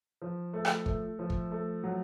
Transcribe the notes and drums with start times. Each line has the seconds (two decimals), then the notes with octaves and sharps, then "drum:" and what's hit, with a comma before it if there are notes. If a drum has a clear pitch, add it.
0.22 F3
0.53 A3
0.65 drum: rim click
0.86 A3, drum: kick
1.19 F3
1.30 drum: kick
1.51 A3
1.84 F#3